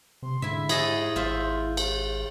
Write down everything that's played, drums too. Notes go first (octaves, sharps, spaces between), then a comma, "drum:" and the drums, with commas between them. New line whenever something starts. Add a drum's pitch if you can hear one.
C3 C6
G#2 D3 E4 E5
E4 G#4 D#5 A5, drum: cymbal
G#1 F4 C5 E5
drum: cymbal